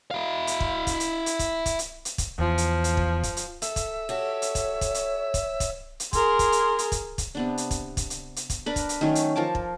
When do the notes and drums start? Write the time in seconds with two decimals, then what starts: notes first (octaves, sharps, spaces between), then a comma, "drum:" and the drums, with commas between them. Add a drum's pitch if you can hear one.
0.11 E4 F5
0.47 drum: hi-hat
0.60 drum: kick
0.87 drum: kick, hi-hat
1.00 drum: hi-hat
1.26 drum: hi-hat
1.39 drum: kick, hi-hat
1.66 drum: kick, hi-hat
1.79 drum: hi-hat
2.05 drum: hi-hat
2.18 drum: kick, hi-hat
2.39 E2 F3
2.58 drum: hi-hat
2.84 drum: hi-hat
2.97 drum: kick
3.23 drum: kick, hi-hat
3.37 drum: hi-hat
3.62 A4 E5, drum: hi-hat
3.76 drum: kick, hi-hat
4.09 F#4 G4 A4 C#5
4.42 drum: hi-hat
4.55 drum: kick, hi-hat
4.81 drum: kick, hi-hat
4.94 drum: hi-hat
5.34 drum: kick, hi-hat
5.60 drum: kick, hi-hat
6.00 drum: hi-hat
6.13 G#4 A#4 C6, drum: kick, hi-hat
6.39 drum: kick, hi-hat
6.52 drum: hi-hat
6.79 drum: hi-hat
6.92 drum: kick, hi-hat
7.18 drum: kick, hi-hat
7.35 C3 B3 D4
7.58 drum: hi-hat
7.71 drum: kick, hi-hat
7.97 drum: kick, hi-hat
8.10 drum: hi-hat
8.36 drum: hi-hat
8.50 drum: kick, hi-hat
8.66 D4 A#4 B4
8.76 drum: kick, hi-hat
8.89 drum: hi-hat
9.01 D#3 F#3 A3 C#4
9.15 drum: hi-hat
9.36 F3 A#4 A5 D6
9.55 drum: kick